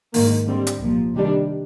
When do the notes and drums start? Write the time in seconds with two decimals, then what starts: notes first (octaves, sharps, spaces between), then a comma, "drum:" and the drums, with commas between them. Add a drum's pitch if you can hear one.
0.14 G#2 D#3 A#3, drum: open hi-hat
0.46 D3 G3 C4
0.67 drum: hi-hat
0.80 C2 A#2 F3
1.14 C3 D#3 G3 D4